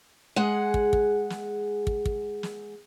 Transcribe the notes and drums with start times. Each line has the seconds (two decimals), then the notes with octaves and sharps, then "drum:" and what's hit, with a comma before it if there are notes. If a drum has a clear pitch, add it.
0.36 G#3 G#4 F#5
0.74 drum: kick
0.93 drum: kick
1.30 drum: snare
1.87 drum: kick
2.05 drum: kick
2.43 drum: snare